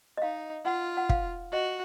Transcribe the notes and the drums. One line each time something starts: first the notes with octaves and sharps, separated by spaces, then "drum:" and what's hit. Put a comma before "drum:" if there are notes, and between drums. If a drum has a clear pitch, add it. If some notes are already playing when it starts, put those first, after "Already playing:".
D#5
D#4 F5
F4 F#5
F#5
F5, drum: kick
F#4 D#5